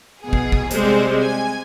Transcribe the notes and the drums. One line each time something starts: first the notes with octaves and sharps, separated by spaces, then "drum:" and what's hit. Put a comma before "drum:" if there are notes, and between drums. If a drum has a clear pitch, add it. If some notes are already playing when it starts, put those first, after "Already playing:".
B2 G#4
drum: kick
drum: kick
C3 G3 G#3 C4 C5, drum: hi-hat
G#5